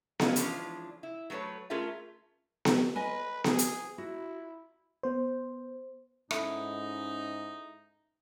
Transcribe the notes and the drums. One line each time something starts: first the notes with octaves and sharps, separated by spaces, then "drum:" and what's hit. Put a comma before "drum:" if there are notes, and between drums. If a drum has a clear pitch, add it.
C#4 E4 D5 D#5 F5 F#5, drum: snare B3
E3 F3 G#3 C#4 D4 F4, drum: hi-hat
E4
F#3 A3 A4 B4 C#5
A3 C#4 F4 G#4 A#4 E5
drum: snare B3
B4 D#5 G#5
G#4, drum: snare B3
drum: hi-hat
E4 F#4
B3 C5
G#2 C#4 D#4 E4 A4 F#5, drum: rim click